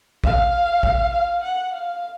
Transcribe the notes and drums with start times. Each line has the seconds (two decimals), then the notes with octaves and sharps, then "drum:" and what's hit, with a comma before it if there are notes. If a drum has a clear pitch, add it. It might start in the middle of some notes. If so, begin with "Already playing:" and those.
0.24 F5, drum: kick
0.83 drum: kick
1.13 F5
1.43 F#5
1.73 F5